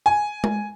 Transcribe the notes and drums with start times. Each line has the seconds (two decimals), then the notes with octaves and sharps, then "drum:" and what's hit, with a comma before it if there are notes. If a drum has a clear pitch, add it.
0.06 G#5
0.44 drum: tom G#3